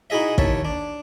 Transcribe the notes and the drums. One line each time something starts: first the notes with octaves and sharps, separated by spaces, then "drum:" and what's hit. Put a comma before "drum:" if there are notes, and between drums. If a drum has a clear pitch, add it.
D#4 E4 F#4 G#4 D#5 E5
D#2 C#5 E5 A5, drum: kick
D4